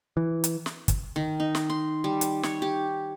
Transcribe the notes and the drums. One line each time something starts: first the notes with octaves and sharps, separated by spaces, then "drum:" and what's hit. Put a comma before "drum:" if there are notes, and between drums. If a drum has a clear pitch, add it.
E3
drum: hi-hat
drum: snare
drum: kick, hi-hat
D#3
D#4
drum: snare
C6
G3
drum: hi-hat
C#5, drum: snare
G4